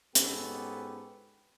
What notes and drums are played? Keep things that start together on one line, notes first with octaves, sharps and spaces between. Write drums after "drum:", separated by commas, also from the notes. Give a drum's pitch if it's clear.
G#2 B3 C#4 G4 A4 B4, drum: hi-hat